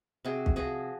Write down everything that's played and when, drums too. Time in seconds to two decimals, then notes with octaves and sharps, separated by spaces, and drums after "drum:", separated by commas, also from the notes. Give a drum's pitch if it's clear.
0.25 C3 F#4 G#4
0.46 drum: kick
0.56 F3 F#4 G#4